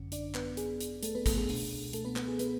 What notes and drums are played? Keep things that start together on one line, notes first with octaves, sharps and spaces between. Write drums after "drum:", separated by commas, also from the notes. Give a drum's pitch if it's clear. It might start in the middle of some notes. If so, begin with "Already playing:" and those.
Already playing: G#1 F#2 D3 C#4
D4 D5, drum: hi-hat
B3 B4, drum: clap
G#4, drum: hi-hat
drum: hi-hat
A3 A4, drum: hi-hat
B3 B4
A3 A4, drum: kick, hi-hat
G#4
C#2 B2 A3 D4, drum: open hi-hat
A3 A4, drum: hi-hat
B3 B4
B3 B4, drum: clap
G#4
B3 B4, drum: hi-hat